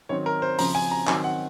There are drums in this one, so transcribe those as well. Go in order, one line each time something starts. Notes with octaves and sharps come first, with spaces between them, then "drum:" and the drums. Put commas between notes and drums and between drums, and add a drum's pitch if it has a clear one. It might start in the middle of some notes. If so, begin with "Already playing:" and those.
D#3 F#3 C4 C#5
A#4
C5
C#3 F3 C4 A#5, drum: open hi-hat
G#5
A#5
D#3 F#3 C4 G#5, drum: clap
F#5